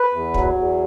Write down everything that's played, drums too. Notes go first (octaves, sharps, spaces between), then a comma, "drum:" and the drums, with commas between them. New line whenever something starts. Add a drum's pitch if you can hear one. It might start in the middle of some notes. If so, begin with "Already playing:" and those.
Already playing: B4
E2
F#3, drum: kick
E2